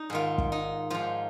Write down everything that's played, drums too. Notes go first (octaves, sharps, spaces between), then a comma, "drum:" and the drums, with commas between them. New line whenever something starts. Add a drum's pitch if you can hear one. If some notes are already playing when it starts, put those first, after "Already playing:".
Already playing: D#4
G#2 D#3 F4
drum: kick
D#4
G#2 F3 F4